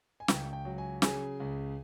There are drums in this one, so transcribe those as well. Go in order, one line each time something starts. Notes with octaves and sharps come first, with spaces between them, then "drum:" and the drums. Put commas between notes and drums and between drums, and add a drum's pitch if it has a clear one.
G#5
C#2 G5, drum: snare
G5
F#3
G#5
C#3 G#5, drum: snare
C#2